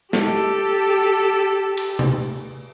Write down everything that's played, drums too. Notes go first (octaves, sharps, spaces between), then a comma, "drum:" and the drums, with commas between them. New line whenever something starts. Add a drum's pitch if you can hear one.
G4 A4, drum: snare
drum: cymbal
drum: tom C3